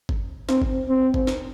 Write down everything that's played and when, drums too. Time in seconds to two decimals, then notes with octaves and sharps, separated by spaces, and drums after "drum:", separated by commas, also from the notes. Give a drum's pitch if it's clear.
0.09 drum: kick G#1
0.49 C4, drum: snare
0.62 drum: kick G#1
0.88 C4
1.14 drum: kick G#1
1.27 drum: snare